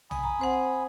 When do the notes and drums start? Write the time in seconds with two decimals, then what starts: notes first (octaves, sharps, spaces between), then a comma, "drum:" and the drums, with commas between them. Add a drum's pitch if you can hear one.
0.11 G#5 B5 D#6, drum: tom
0.24 A#5
0.39 C4 C5 F#5